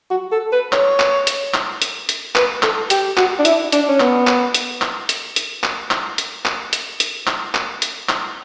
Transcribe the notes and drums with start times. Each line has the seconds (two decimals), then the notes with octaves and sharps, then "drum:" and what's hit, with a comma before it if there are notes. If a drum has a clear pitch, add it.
0.11 F#4
0.32 A4
0.52 B4
0.73 C#5, drum: clap
1.00 drum: clap
1.27 drum: hi-hat
1.54 drum: clap
1.82 drum: hi-hat
2.09 drum: hi-hat
2.36 B4, drum: clap
2.63 A4, drum: clap
2.90 G4, drum: hi-hat
3.17 F#4, drum: clap
3.39 D4
3.45 E4, drum: hi-hat
3.72 D4, drum: hi-hat
3.89 C#4
4.00 B3, drum: clap
4.27 drum: clap
4.54 drum: hi-hat
4.82 drum: clap
5.09 drum: hi-hat
5.36 drum: hi-hat
5.64 drum: clap
5.91 drum: clap
6.18 drum: hi-hat
6.45 drum: clap
6.73 drum: hi-hat
7.00 drum: hi-hat
7.27 drum: clap
7.55 drum: clap
7.82 drum: hi-hat
8.09 drum: clap